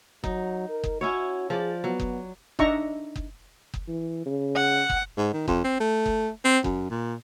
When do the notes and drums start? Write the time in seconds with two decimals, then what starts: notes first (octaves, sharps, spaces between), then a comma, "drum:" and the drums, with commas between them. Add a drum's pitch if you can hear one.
0.24 F#3 D#4, drum: kick F#1
0.69 A#4
0.84 drum: kick F#1
1.01 C#4 E4 F#4 C#5
1.50 F3 G#4 D5
1.84 F#3 B3
2.00 drum: kick F#1
2.59 D4 D#4 E5 A#5 C#6, drum: kick F#1
3.16 drum: kick F#1
3.74 drum: kick F#1
3.88 E3
4.26 C#3
4.56 F#5
4.90 drum: kick F#1
5.18 G#2
5.34 D#3
5.48 F2, drum: kick F#1
5.64 C4
5.80 A3
6.06 drum: kick F#1
6.45 C4
6.64 F#2, drum: kick F#1
6.91 A#2